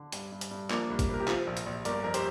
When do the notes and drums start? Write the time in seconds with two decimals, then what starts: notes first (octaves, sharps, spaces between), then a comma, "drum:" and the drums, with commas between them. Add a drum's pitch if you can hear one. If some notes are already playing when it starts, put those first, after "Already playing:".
Already playing: D3
0.12 G2, drum: hi-hat
0.32 G2
0.41 drum: hi-hat
0.51 G2
0.70 F3 A#3 D4, drum: clap
0.90 C2
0.99 drum: kick G#1, hi-hat
1.09 C3 A#4
1.20 G4
1.28 F3 C4 F4, drum: clap
1.47 A#1
1.57 drum: hi-hat
1.66 A#1
1.85 G1 A#4 D5, drum: hi-hat
2.04 F2 A#4
2.14 G4 C5, drum: hi-hat